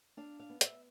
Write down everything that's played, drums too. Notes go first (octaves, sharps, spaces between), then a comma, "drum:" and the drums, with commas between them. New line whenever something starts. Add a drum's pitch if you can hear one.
D4 F5
F5
B3
E5, drum: hi-hat